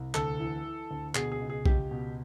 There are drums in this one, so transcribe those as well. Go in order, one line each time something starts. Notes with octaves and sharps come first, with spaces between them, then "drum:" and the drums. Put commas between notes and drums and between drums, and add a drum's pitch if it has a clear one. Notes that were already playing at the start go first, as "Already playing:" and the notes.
Already playing: C2
D2 A4, drum: clap
E3
E3
D2
B2 G#4, drum: clap
G#4
C#2
G#4
C#2 G4, drum: kick
B2